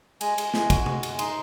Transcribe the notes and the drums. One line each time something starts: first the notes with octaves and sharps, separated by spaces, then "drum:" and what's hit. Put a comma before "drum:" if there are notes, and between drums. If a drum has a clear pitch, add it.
G#3 G#5, drum: cymbal
G#3, drum: cymbal
G#3, drum: snare
F#4, drum: kick, cymbal
G#3, drum: tom C3
G#3, drum: cymbal
D#4 C6, drum: cymbal